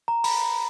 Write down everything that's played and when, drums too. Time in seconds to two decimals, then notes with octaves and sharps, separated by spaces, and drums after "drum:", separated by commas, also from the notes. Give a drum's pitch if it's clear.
0.08 A#5
0.24 B5, drum: open hi-hat